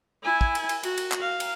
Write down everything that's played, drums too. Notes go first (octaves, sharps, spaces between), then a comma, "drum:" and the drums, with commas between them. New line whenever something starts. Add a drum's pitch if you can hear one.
E4 G#5
drum: kick
drum: cymbal
drum: cymbal
F#4, drum: cymbal
drum: cymbal
drum: clap
F5
drum: cymbal